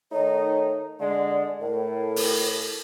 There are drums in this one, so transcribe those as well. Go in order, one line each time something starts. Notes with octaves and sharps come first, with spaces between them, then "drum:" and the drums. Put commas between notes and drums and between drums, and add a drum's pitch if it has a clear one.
D#3 A3 D#4 C#5
D3 G#3 D5
A2 A#4
drum: open hi-hat